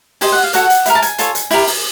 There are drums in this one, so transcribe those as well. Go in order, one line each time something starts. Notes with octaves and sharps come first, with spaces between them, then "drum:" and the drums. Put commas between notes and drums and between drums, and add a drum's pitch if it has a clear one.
G4 C5 D#5 G#5, drum: open hi-hat
F#5
F5
F#4 A4 C#5 F#5, drum: hi-hat
drum: hi-hat
E4 G4 A#4, drum: hi-hat
A5
G#5, drum: hi-hat
F4 A4 C#5, drum: hi-hat
drum: hi-hat
E4 G4 A#4, drum: open hi-hat
drum: open hi-hat